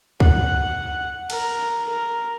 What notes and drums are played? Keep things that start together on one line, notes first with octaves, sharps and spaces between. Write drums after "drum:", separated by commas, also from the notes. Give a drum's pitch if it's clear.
F#5, drum: kick
A#4, drum: cymbal
A#4